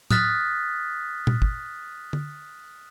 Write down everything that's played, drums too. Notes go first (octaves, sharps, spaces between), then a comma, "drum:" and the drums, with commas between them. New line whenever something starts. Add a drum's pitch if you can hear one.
D#6 F6 F#6 A6 B6, drum: tom A2
drum: tom A#2
drum: kick
drum: tom D3